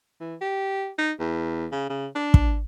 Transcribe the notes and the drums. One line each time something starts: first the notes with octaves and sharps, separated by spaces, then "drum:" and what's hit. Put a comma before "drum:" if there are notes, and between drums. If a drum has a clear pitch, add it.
E3
G4
D#4
E2
C#3
C#3
D4
drum: kick